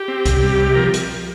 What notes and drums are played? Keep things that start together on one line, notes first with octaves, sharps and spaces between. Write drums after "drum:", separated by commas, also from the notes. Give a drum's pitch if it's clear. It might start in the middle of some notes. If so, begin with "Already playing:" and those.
Already playing: G4
C4
C3, drum: kick C2, hi-hat
G3
C3
F3 A#4
drum: hi-hat